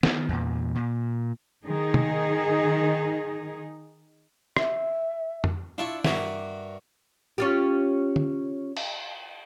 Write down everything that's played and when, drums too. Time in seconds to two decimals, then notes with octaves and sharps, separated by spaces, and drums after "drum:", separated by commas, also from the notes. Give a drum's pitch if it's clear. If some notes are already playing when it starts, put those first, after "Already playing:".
0.03 D#3 B3, drum: snare
0.29 E2 A#2
0.75 A#2
1.66 D#3 D#4 G#4
1.94 drum: tom
4.57 E5, drum: rim click
5.44 drum: tom F2
5.78 D4 E4 F4 E5 C#6
6.04 G2 F#4 A#4 E5 D6 D#6, drum: snare
7.38 C#4 F4 G4
8.16 drum: tom
8.76 drum: cymbal